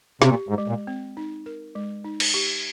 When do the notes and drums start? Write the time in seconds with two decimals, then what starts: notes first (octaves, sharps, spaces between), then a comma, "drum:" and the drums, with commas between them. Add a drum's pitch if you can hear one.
0.22 C3, drum: snare
0.29 A#2 G4
0.49 G#2
0.58 G#3
0.68 A#2
0.87 C4
1.17 D#4
1.46 A#4
1.75 G#3
2.04 D#4
2.20 drum: cymbal
2.34 G4